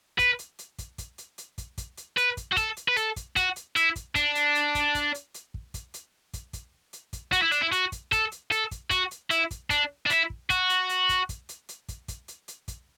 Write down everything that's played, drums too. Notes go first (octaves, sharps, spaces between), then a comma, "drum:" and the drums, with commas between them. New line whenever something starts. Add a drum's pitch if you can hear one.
B4, drum: kick, hi-hat
drum: hi-hat
drum: hi-hat
drum: kick, hi-hat
drum: kick, hi-hat
drum: hi-hat
drum: hi-hat
drum: kick, hi-hat
drum: kick, hi-hat
drum: hi-hat
B4, drum: hi-hat
drum: kick, hi-hat
F#4
A4, drum: kick, hi-hat
drum: hi-hat
B4
A4, drum: hi-hat
drum: kick, hi-hat
F#4, drum: kick, hi-hat
drum: hi-hat
E4, drum: hi-hat
drum: kick, hi-hat
D4, drum: kick, hi-hat
drum: hi-hat
drum: hi-hat
drum: kick, hi-hat
drum: kick, hi-hat
drum: hi-hat
drum: hi-hat
drum: kick
drum: kick, hi-hat
drum: hi-hat
drum: kick, hi-hat
drum: kick, hi-hat
drum: hi-hat
drum: kick, hi-hat
F#4, drum: kick, hi-hat
E4
D4, drum: hi-hat
E4
F#4, drum: hi-hat
drum: kick, hi-hat
A4, drum: kick, hi-hat
drum: hi-hat
A4, drum: hi-hat
drum: kick, hi-hat
F#4, drum: kick, hi-hat
drum: hi-hat
E4, drum: hi-hat
drum: kick, hi-hat
D4, drum: kick, hi-hat
D4
E4, drum: hi-hat
drum: kick
F#4, drum: kick, hi-hat
drum: hi-hat
drum: hi-hat
drum: kick, hi-hat
drum: kick, hi-hat
drum: hi-hat
drum: hi-hat
drum: kick, hi-hat
drum: kick, hi-hat
drum: hi-hat
drum: hi-hat
drum: kick, hi-hat